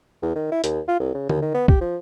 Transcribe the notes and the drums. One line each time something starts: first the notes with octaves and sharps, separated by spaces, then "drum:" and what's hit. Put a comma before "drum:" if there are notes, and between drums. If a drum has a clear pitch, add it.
E2
D#3
E4
D#2, drum: hi-hat
F4
C2
C#3
D#2, drum: tom D3
D#3
B3
G4, drum: kick
F3